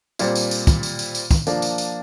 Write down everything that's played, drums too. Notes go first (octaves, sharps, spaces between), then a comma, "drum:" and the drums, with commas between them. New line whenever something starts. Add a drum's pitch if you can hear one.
A#2 G3 C4, drum: tambourine
drum: tambourine
drum: tambourine
drum: kick, tambourine
drum: tambourine
drum: tambourine
drum: tambourine
drum: kick, tambourine
F3 A#3 D4, drum: tambourine
drum: tambourine
drum: tambourine